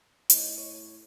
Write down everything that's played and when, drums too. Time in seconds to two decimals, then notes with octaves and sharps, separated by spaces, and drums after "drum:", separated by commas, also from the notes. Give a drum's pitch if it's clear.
0.30 A2 C#4 D#4, drum: hi-hat
0.57 C#5